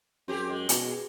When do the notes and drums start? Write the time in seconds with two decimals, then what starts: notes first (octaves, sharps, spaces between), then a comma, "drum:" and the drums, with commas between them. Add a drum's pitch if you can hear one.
0.28 F#2 C4 G4 G#4
0.49 G#3
0.69 B2, drum: hi-hat